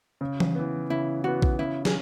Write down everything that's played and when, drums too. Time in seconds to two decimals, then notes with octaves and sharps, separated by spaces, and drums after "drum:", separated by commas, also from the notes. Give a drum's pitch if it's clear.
0.21 C#3
0.40 drum: tom E3
0.55 E3 B3
0.90 C#3 E4
1.24 E3 B3 F#4
1.42 drum: kick A#1
1.59 C#3 E4
1.85 G#4, drum: snare